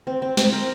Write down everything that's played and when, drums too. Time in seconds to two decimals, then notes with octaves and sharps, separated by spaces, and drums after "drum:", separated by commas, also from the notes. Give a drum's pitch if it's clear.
0.07 C4
0.22 C4
0.37 C4, drum: snare
0.52 A#4